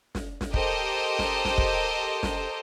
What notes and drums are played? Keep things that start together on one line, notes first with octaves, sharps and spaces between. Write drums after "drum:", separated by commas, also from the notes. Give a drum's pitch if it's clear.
drum: snare
drum: snare
G4 A4 A#4 C5 D#5, drum: kick
drum: snare
drum: snare
drum: kick
drum: snare